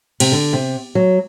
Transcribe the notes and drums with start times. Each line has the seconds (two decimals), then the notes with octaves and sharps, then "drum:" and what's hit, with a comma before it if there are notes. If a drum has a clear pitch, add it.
0.20 C3, drum: cymbal
0.32 D3
0.53 C3
0.95 F#3